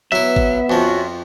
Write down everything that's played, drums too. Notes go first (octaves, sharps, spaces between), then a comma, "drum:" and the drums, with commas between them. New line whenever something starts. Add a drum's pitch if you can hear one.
F#3 B3 E4 E5
drum: kick G#1
F2 F3 C#4 F4 F#4